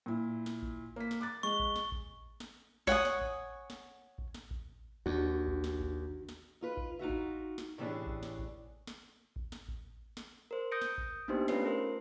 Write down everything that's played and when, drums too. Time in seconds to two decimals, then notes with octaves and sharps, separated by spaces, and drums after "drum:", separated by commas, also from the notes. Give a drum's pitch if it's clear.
0.06 A#2 E4
0.46 drum: snare
0.62 drum: kick A1
0.96 A#3 B6
1.11 drum: snare
1.21 D6 F#6 A6
1.43 G#3 C#6 G7
1.59 drum: kick A1
1.76 drum: snare
1.92 drum: kick A1
2.40 drum: snare
2.87 C#5 F#5 G#5 D#6, drum: kick A1
3.05 drum: snare
3.21 drum: kick A1
3.70 drum: snare
4.18 drum: kick A1
4.34 drum: snare
4.51 drum: kick A1
5.06 D#2 D4 F#4
5.48 drum: kick A1
5.64 drum: snare
5.80 drum: kick A1
6.29 drum: snare
6.61 D#4 F4 B4
6.77 drum: kick A1
6.99 D#4 F4 F#4 E5
7.09 drum: kick A1
7.58 drum: snare
7.78 A2 C3 E3 C#4 D4 G#4
8.07 drum: kick A1
8.23 drum: snare
8.39 drum: kick A1
8.87 drum: snare
9.36 drum: kick A1
9.52 drum: snare
9.68 drum: kick A1
10.17 drum: snare
10.51 A#4 C5
10.71 D#6 G6 A#6 C#7 D7
10.82 drum: snare
10.98 drum: kick A1
11.28 A#3 B3 D4 D#4 G4 C5
11.48 A3 C#4 F4 B4 C#5 C7, drum: snare
11.65 A4 A#4 C5